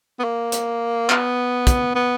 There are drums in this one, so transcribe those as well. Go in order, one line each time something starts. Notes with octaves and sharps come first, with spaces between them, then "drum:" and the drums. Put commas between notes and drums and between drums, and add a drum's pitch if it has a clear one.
B3
A#3
drum: hi-hat
B3, drum: clap
drum: kick, hi-hat
B3